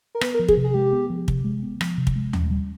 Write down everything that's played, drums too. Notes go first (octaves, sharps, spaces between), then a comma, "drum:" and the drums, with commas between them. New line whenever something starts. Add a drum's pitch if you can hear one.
A#4
B3 B4, drum: rim click
A#4
F3
G#4, drum: kick
C3
G#4
G#3 G4
B3
F3
C3, drum: kick
G#3
B3
F3, drum: rim click
C3
drum: kick
G#3
C#4, drum: tom D#2
G3